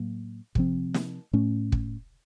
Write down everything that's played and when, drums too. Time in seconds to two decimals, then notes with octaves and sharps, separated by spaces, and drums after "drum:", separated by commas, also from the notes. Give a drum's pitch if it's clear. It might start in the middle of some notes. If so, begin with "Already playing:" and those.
Already playing: A2 F#3 A#3
0.55 C3 F3 C4, drum: kick
0.94 drum: snare
1.33 A2 A3 C#4
1.72 drum: kick